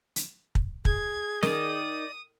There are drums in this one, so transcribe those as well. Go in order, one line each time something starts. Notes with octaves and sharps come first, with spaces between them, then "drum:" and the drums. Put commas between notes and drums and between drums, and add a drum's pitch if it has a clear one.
drum: hi-hat
drum: kick
G#4 G#6, drum: kick
D#3 D5 D#5 D#6, drum: snare